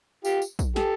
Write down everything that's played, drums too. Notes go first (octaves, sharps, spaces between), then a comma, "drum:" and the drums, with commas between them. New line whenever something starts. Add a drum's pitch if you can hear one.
F4 G4, drum: tambourine
drum: tambourine
drum: kick, tambourine
G4 A4, drum: snare